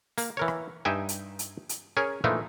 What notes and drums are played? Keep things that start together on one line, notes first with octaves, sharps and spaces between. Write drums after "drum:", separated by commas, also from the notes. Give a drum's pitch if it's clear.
A#3, drum: open hi-hat
E3 A#4 C#5
drum: rim click
G2 D#4 E5 G5 G#5
drum: hi-hat
drum: hi-hat
drum: hi-hat
C#4 G#4 A#4 C#5
A#2 E3 F3 A3 D4 D#4